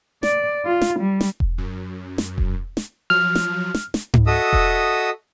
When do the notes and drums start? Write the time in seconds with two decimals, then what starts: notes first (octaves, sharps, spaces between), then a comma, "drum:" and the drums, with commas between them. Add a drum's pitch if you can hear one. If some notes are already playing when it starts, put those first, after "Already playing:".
0.23 D5, drum: snare
0.66 F4
0.82 drum: snare
1.00 G3
1.21 drum: snare
1.40 drum: kick E1
1.58 F#2
2.18 drum: snare
2.38 drum: kick E1
2.77 drum: snare
3.10 F3 F#3 F6
3.35 drum: snare
3.74 drum: snare
3.94 drum: snare
4.14 drum: tom G#2
4.27 F#4 A4 D#5 E5 D#6 E6
4.53 drum: kick E1